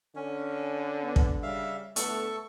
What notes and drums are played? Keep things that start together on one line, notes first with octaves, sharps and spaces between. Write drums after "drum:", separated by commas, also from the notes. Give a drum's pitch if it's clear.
D3 C#4
B3
drum: kick
C#3 G3 E5 F5
A2 D3 A3 B3 A4 C#6, drum: hi-hat